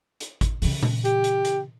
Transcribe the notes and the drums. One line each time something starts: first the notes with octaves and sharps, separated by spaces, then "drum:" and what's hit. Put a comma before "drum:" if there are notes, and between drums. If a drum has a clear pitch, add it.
drum: hi-hat
drum: kick G#1, hi-hat
C#3 E3, drum: open hi-hat
drum: tom A#2
G4, drum: hi-hat
drum: hi-hat
drum: hi-hat